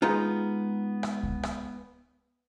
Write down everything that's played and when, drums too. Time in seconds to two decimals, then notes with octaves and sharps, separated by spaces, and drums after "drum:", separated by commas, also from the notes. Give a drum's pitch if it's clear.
0.02 G#3 B3 D#4 F4
1.03 drum: rim click
1.23 drum: kick C#2
1.43 drum: rim click